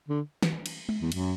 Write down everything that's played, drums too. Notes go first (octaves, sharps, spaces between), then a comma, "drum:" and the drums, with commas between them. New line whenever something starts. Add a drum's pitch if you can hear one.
D3
drum: snare
drum: cymbal
drum: tom G#3
E2
F#2, drum: cymbal